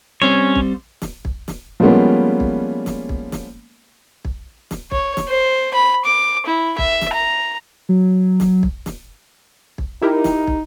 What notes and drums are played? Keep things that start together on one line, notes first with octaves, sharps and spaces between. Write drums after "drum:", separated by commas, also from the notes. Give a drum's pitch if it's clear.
G3 C4 C#4 C5 C#5
drum: kick
drum: snare
drum: kick
drum: snare
F3 G3 G#3 A#3 B3 C#4
drum: kick
drum: snare
drum: kick
drum: snare
drum: kick
drum: snare
C#5, drum: kick
drum: snare
C5
B5
D6
E4
E5, drum: kick
drum: snare
A#5
F#3
drum: snare
drum: kick
drum: snare
drum: kick
D#4 E4 G4 A#4
drum: snare
drum: kick